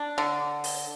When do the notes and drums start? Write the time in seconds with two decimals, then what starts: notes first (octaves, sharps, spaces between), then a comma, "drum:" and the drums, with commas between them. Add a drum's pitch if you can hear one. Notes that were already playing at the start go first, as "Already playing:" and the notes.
Already playing: D4
0.18 D3
0.64 drum: open hi-hat